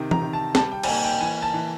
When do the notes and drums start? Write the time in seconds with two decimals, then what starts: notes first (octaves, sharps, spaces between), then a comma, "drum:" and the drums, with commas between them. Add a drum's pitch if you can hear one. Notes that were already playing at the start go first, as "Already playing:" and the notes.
Already playing: C3 D#3
0.11 A#5, drum: tom E3
0.22 D#3
0.33 A5
0.55 G3 A5, drum: snare
0.72 G5
0.83 G#5, drum: cymbal
0.88 A#3 G5
1.04 G5
1.21 E3 G#5
1.42 A5
1.54 E3